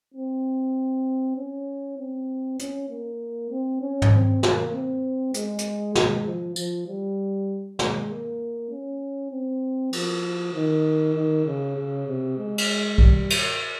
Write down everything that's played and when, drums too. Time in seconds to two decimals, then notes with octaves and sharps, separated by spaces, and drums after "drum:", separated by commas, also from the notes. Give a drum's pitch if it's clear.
0.14 C4
1.37 C#4
1.98 C4
2.59 C#4, drum: hi-hat
2.90 A#3
3.50 C4
3.81 C#4
4.02 drum: tom
4.12 C4
4.43 A#3, drum: snare
4.73 C4
5.34 G#3, drum: hi-hat
5.58 drum: hi-hat
5.95 G#3, drum: snare
6.25 F3
6.56 F3, drum: tambourine
6.87 G3
7.79 G#3, drum: snare
8.09 A#3
8.70 C#4
9.31 C4
9.93 F3, drum: cymbal
10.54 D#3
11.15 D#3
11.46 C#3
11.76 C#3
12.07 C3
12.37 G#3
12.58 drum: cymbal
12.98 G3, drum: kick B1
13.30 drum: cymbal